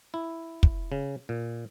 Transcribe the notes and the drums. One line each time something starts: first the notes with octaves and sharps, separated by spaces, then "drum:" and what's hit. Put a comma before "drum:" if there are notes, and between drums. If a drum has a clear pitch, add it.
E4
drum: kick
C#3
A#2